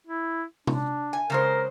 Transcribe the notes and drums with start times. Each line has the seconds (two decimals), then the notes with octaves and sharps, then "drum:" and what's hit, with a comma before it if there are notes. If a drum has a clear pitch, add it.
0.07 E4
0.67 D4, drum: tom C3
1.13 G#5
1.30 C#3 G#3 A#4 C5